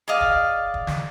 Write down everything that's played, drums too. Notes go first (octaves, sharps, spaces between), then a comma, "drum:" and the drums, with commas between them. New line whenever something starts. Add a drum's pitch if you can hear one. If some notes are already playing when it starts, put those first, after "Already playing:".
G#4 D5 D#5 F5
drum: kick
drum: kick
drum: snare